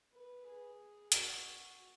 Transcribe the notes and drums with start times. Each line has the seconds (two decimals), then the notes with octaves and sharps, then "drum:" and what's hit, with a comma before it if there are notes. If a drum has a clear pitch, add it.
0.13 B4
0.46 G#4
1.12 F#4, drum: hi-hat